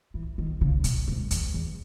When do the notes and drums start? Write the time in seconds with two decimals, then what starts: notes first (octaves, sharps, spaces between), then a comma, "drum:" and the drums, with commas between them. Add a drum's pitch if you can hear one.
0.14 E3
0.38 D#3
0.61 C#3
0.84 B2, drum: hi-hat
1.07 G#2, drum: kick
1.31 E2, drum: hi-hat
1.54 E2